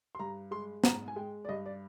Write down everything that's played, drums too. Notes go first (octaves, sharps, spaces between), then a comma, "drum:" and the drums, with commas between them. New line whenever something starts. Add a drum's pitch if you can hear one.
C6
G2 A#5
G#3 C6
G#2 A#5, drum: snare
G#5
G#3 G5
D5
G2 D#5
D5